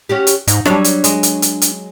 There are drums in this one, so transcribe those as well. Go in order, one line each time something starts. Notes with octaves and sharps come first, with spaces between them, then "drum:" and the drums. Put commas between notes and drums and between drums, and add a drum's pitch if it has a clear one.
C#4 F#4 G4
drum: hi-hat
G#2 D#4, drum: hi-hat
F#3 G3 D4 C#5, drum: rim click
drum: hi-hat
G#3, drum: hi-hat
drum: hi-hat
drum: hi-hat
drum: hi-hat